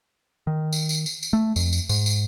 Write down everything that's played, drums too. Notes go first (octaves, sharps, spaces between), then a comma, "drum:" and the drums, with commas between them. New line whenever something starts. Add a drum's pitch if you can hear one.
D#3
drum: tambourine
drum: tambourine
drum: tambourine
drum: tambourine
A3
F2, drum: tambourine
drum: tambourine
G#2, drum: tambourine
drum: tambourine